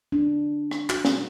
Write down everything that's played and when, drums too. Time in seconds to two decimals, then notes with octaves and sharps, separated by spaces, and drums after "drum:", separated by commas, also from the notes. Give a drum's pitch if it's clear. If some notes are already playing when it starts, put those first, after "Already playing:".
0.12 D4
0.71 drum: rim click
0.89 F#4, drum: clap
1.05 drum: snare